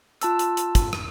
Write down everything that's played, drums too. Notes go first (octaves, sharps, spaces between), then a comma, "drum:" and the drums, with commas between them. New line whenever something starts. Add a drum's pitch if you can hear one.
F4 A5 E6, drum: hi-hat
drum: hi-hat
drum: hi-hat
drum: kick, hi-hat
drum: rim click